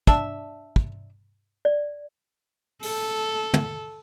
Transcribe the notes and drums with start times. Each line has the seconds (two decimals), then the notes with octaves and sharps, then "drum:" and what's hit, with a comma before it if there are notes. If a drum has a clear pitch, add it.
0.07 D4 E5, drum: kick
0.76 drum: kick
1.65 D5
2.83 A4, drum: open hi-hat
3.54 drum: tom